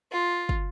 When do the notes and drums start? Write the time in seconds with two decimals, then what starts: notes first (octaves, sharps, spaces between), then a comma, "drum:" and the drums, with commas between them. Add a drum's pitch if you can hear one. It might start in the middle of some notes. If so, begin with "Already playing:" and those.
0.12 F4
0.49 drum: kick